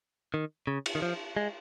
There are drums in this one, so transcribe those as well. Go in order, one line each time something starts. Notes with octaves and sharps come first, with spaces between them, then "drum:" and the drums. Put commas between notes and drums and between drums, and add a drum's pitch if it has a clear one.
D#3
C#3
drum: cymbal
D#3
F3
G#3